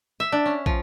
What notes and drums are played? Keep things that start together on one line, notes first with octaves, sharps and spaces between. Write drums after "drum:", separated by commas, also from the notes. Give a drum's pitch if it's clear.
E5
D4
C#4
F3, drum: kick